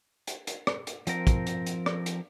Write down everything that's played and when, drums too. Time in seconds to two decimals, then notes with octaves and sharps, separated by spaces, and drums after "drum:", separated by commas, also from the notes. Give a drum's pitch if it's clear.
0.27 drum: hi-hat
0.47 drum: hi-hat
0.67 drum: rim click
0.87 drum: hi-hat
1.07 F3 C4 A#4, drum: hi-hat
1.27 drum: kick, hi-hat
1.47 drum: hi-hat
1.66 drum: hi-hat
1.86 drum: rim click
2.06 drum: hi-hat